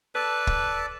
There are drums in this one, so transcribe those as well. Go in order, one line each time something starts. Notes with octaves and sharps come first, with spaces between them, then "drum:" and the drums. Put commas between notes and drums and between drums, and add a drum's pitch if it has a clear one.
A4 B4 D5 A5
drum: kick